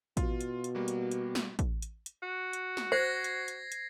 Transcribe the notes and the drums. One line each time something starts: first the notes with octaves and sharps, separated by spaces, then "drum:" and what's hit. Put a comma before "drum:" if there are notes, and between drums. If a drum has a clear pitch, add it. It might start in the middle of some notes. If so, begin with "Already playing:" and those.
B2 F4, drum: kick A1, hi-hat
drum: hi-hat
drum: hi-hat
G3 A#3 F#4
drum: hi-hat
drum: hi-hat
drum: snare
drum: kick A1, hi-hat
drum: hi-hat
drum: hi-hat
F#4
drum: hi-hat
drum: snare
C5 G#6 A#6 C7
drum: hi-hat
drum: hi-hat
drum: hi-hat